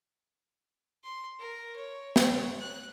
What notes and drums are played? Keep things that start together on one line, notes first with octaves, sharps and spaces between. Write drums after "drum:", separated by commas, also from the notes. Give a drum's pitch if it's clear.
C6
A#4
C#5
C#5, drum: snare
F#6